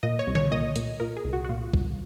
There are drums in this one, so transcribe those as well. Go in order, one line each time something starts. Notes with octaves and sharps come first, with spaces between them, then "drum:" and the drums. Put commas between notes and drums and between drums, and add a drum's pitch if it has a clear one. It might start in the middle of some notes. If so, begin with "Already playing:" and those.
A#2 D#5
C#5
C2
C#5, drum: tom D3
A#2 D#5
A#2, drum: hi-hat
A#2 A#4
G#4
C2
F#4
F#4
A#2 F4
C2, drum: kick